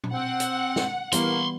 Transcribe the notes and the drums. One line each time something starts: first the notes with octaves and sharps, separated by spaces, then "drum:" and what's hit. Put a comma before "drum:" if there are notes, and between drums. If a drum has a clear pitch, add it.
drum: tom
C4 F#5
drum: hi-hat
drum: snare
E3 G3 A#3 B3 B5 C6, drum: hi-hat